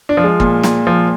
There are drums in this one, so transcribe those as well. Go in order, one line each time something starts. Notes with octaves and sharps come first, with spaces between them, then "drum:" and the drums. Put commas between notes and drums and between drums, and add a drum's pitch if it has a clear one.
D4
F3
G#3
A#2, drum: kick
A#2, drum: snare
F3